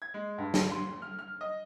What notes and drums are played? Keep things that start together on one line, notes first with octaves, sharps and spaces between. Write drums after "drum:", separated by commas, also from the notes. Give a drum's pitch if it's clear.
G#6
G#3
G2
drum: snare
C6
F6
F6
D#5